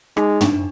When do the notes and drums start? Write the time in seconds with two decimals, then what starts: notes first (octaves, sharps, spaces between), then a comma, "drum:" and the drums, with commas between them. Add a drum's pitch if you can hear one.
0.17 G#3 D#4, drum: rim click
0.41 D4, drum: tom